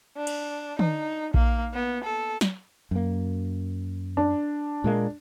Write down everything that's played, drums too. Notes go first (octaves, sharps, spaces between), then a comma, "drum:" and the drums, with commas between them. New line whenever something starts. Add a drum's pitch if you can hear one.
D4
drum: cymbal
D#4, drum: tom
A#3, drum: kick A#1
B3
A4
drum: snare F#3
F#2 A#3
D4
A#2 G#3 A#3